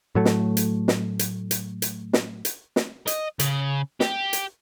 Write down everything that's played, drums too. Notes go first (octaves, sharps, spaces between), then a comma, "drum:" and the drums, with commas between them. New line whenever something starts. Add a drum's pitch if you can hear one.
A2 F#3 A3
drum: snare
drum: hi-hat
drum: snare
drum: hi-hat
drum: hi-hat
drum: hi-hat
drum: snare
drum: hi-hat
drum: snare
D#5, drum: hi-hat
C#3, drum: hi-hat
G4, drum: snare
drum: hi-hat